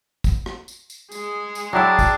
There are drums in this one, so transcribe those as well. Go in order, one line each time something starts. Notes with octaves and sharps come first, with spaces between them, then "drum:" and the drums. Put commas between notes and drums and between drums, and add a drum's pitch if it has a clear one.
drum: kick, tambourine
drum: rim click
drum: tambourine
drum: tambourine
G#3 G#4, drum: tambourine
drum: tambourine
F#3 D4 E4 G5 A#5 E6
drum: kick, tambourine